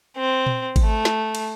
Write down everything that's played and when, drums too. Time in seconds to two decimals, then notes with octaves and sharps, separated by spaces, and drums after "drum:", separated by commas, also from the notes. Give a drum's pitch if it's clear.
0.17 C4
0.46 drum: tom A#2
0.76 drum: kick G#1, cymbal
0.86 A3
1.05 drum: snare
1.35 drum: cymbal